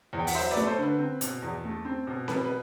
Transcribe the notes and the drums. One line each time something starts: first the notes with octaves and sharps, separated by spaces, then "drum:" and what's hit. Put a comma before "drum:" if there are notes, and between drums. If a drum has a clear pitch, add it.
E2
G5
F#5, drum: open hi-hat
F#3 C5 E5
E5
B4 D5
A3
A4 C5
D3 B4
C4
B2, drum: hi-hat
E2
A3
C4
B2
B2 B4, drum: snare C4
B4